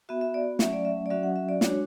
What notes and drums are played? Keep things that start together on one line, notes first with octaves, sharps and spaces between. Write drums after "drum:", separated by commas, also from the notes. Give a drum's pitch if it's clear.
B3 F#4 E5
E5
D5
F#3 A3 C#4 E5, drum: snare
D5
E5
D5
F#3 C#4 F#4 E5
F#5
E5
D5
G#3 D4 F#4 C#5, drum: snare